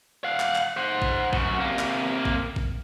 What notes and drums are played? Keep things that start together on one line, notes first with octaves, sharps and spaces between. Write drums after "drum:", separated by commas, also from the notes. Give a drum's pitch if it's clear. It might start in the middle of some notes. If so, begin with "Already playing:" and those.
F5 F#5
drum: clap
drum: clap
C5 F#5
drum: kick A1
F#2 F#4, drum: kick A1
C3 A#3
drum: clap
drum: kick A1
drum: kick A1